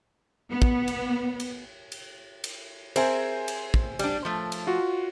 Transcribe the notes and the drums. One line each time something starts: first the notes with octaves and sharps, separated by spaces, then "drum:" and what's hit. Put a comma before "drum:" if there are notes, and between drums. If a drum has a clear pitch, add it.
B3
drum: kick
drum: cymbal
drum: cymbal
drum: cymbal
drum: cymbal
C4 G#4 A#4 C5 E5 G#5, drum: cymbal
drum: cymbal
drum: kick
G3 D4, drum: cymbal
F3 A3
drum: cymbal
F4 F#4